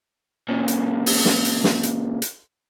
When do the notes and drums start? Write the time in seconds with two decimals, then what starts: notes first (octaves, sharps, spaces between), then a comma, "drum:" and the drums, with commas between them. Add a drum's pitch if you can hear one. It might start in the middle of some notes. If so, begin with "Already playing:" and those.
0.48 A#2 C#3
0.68 drum: hi-hat
1.06 drum: open hi-hat
1.26 drum: snare
1.45 drum: hi-hat
1.64 drum: snare
1.83 drum: hi-hat
2.22 drum: hi-hat